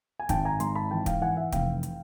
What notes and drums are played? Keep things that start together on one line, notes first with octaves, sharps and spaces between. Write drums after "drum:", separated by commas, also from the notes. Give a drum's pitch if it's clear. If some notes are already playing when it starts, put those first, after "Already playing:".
G#5
G#1 G5 A5, drum: kick, hi-hat
G#5 A#5
G#2 A#5 C6, drum: hi-hat
A5 B5
E3 G5 A5
F5 G5, drum: kick, hi-hat
E3 F#5 G#5
E5 F#5
F1 F5 G5, drum: kick, hi-hat
drum: hi-hat